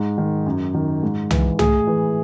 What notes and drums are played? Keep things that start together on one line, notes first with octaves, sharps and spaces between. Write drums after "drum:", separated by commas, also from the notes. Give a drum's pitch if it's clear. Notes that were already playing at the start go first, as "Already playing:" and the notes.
Already playing: G#2
D#3
F#2
D#3
G#2
E3, drum: tom C2
A2 G#4, drum: tom C2
E3